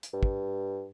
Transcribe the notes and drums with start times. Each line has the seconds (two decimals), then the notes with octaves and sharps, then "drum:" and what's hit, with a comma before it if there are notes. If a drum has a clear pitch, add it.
0.03 drum: hi-hat
0.13 G2
0.23 drum: kick